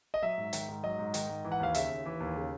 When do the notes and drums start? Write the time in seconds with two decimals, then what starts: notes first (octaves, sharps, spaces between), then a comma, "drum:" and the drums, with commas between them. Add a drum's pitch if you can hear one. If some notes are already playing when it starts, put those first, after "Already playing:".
0.14 D#5
0.23 F#3 E5
0.38 G#2
0.53 D#3, drum: hi-hat
0.68 G#2
0.83 F#3 D#5
0.99 G#2
1.14 D#3, drum: hi-hat
1.29 G#2
1.45 E3
1.52 F#5
1.60 D#2 F5
1.75 C#3 E5, drum: hi-hat
1.90 D#2
2.06 E3
2.20 D#2
2.36 C#3